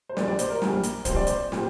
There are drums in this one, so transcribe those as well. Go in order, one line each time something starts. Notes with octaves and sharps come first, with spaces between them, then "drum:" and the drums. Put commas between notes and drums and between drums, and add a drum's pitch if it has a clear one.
C5
A#1 A#2 G3 D5, drum: snare
D5
C5, drum: hi-hat
A#4
A#1 A#2 G3, drum: snare
drum: hi-hat
A#1 A#2 G3 C4 C5, drum: kick C#1, hi-hat
D5
C5, drum: hi-hat
A#2 G3 C4, drum: snare